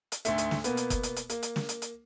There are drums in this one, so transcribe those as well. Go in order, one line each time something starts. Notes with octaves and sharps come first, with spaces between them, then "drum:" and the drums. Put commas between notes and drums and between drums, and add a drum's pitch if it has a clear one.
drum: hi-hat
D2 G#2 A3, drum: hi-hat
drum: hi-hat
drum: snare
B2 A#3 B3, drum: hi-hat
drum: hi-hat
drum: kick F#1, hi-hat
drum: hi-hat
drum: hi-hat
A#3, drum: hi-hat
drum: hi-hat
drum: snare
drum: hi-hat
drum: hi-hat